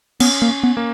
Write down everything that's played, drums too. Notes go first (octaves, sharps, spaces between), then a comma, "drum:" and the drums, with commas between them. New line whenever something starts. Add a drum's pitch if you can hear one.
B3 C#4, drum: cymbal
A#3
C#4
B3
A#3